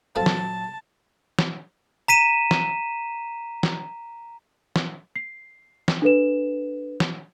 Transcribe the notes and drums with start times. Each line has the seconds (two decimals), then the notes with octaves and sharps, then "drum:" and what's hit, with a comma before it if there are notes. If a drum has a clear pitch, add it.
0.16 A#2 F#3 A3 C4 F4 A5
0.26 drum: snare
1.39 drum: snare
2.08 A#5 B6 D#7 E7
2.51 drum: snare
3.63 drum: snare
4.76 drum: snare
5.16 C7
5.88 drum: snare
6.02 D4 A4 B4 E7
7.00 drum: snare